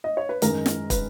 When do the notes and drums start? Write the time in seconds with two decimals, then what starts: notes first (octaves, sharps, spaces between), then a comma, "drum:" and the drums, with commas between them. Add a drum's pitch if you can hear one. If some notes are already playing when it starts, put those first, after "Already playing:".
0.04 D#5
0.17 C#5
0.29 B4
0.42 F#2 D#3 G#3 A#4, drum: hi-hat
0.66 drum: snare
0.90 B4, drum: kick, hi-hat